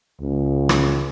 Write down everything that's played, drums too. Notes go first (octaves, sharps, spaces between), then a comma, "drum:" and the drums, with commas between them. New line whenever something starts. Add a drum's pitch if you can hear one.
C#2
drum: rim click